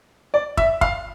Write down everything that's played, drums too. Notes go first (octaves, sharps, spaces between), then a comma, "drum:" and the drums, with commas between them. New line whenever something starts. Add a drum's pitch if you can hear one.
D5
E5, drum: kick
F5, drum: kick